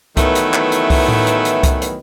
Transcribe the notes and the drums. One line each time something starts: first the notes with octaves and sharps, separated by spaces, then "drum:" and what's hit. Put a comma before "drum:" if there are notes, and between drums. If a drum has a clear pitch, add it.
D#3 E3 F#3 A3 B3 E4, drum: kick C2, hi-hat
drum: hi-hat
drum: clap
drum: hi-hat
drum: kick C2, open hi-hat
drum: tom A2
drum: hi-hat
drum: hi-hat
drum: kick C2, hi-hat
drum: hi-hat